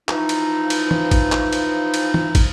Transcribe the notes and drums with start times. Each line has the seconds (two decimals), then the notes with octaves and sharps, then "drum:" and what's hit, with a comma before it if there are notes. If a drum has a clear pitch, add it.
0.09 E3 F3 D#4, drum: clap
0.29 drum: cymbal
0.70 drum: cymbal
0.91 drum: tom E3
1.11 drum: kick, cymbal
1.32 drum: clap
1.53 drum: cymbal
1.94 drum: cymbal
2.14 drum: tom E3
2.35 drum: kick, cymbal